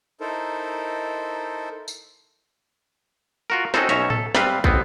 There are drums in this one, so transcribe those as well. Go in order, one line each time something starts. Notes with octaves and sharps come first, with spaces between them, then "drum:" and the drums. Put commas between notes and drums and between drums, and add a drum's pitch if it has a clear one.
D#4 E4 A4 A#4 C5
drum: tambourine
F4 F#4 A#4
C4 C#4 D#4 F#4 A4 C5, drum: snare
B1 C#4 C#5 E5 A#5, drum: hi-hat
A4, drum: tom A2
G3 C4 B4 F5, drum: snare
A1 B3 C4, drum: kick